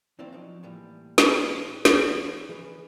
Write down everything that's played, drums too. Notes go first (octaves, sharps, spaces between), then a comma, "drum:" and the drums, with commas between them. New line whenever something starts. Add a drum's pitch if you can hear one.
D#3 E3 A#3 C4 D4
F3 F#3 D#4
A2 E3 G3 A#3
drum: snare
E3 A#3 B3 D4 F#4, drum: snare
E3 G#4 A#4 B4